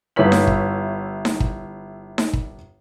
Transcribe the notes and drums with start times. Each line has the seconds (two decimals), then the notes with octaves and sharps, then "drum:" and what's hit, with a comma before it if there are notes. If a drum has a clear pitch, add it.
0.16 G1 E4 B4 C#5 B6 F#7
0.32 drum: snare D#4
0.47 drum: kick
1.25 drum: snare D#4
1.40 drum: kick
2.18 drum: snare D#4
2.33 drum: kick